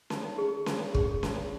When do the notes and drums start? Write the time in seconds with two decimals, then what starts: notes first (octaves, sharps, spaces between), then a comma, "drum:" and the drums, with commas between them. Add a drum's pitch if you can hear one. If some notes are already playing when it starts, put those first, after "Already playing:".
0.10 D#4, drum: snare C#4
0.38 G#4
0.66 drum: snare C#4
0.94 G#4, drum: kick
1.23 drum: snare C#4